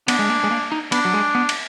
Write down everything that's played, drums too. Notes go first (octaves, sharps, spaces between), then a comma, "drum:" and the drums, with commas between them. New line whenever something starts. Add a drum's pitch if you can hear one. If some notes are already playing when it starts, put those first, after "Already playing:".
B3 D4, drum: cymbal
G#3
A#3
G#3
A#3
D#4
B3 D4, drum: cymbal
F#3
G#3
B3
drum: cymbal